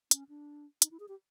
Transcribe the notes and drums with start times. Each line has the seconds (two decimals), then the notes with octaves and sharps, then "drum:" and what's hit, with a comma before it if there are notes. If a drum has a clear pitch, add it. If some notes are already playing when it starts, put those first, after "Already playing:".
0.11 C#4, drum: hi-hat
0.29 D4
0.82 D#4, drum: hi-hat
0.91 E4
1.00 G#4
1.08 G4